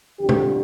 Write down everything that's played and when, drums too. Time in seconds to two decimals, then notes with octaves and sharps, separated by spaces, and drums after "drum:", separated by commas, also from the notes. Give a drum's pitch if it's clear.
0.18 F2 D3 G3 G4
0.29 drum: tom B2